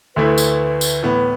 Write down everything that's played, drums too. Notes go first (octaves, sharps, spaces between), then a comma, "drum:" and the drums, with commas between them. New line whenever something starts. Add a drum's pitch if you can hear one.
D2 D3 A3 E4 B4
drum: tambourine
drum: tambourine
A2 E3 B3